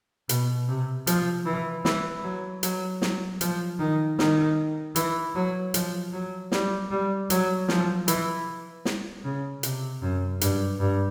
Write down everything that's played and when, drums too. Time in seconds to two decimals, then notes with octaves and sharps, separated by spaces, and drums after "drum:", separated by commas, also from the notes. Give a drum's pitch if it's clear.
0.29 B2, drum: hi-hat
0.68 C3
1.07 F3, drum: hi-hat
1.46 E3
1.85 E3, drum: snare
2.23 F#3
2.63 F#3, drum: hi-hat
3.02 F#3, drum: snare
3.41 F3, drum: hi-hat
3.79 D#3
4.19 D#3, drum: snare
4.96 E3, drum: hi-hat
5.35 F#3
5.74 F3, drum: hi-hat
6.13 F#3
6.52 G3, drum: snare
6.91 G3
7.30 F#3, drum: hi-hat
7.69 F3, drum: snare
8.08 E3, drum: hi-hat
8.85 drum: snare
9.24 C#3
9.63 C3, drum: hi-hat
10.02 F#2
10.41 G2, drum: hi-hat
10.80 G2